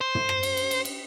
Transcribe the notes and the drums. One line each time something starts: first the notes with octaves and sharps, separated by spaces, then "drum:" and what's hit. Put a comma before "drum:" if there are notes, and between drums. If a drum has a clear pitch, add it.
C5
drum: tom
drum: rim click
drum: cymbal
drum: cymbal
drum: cymbal
drum: cymbal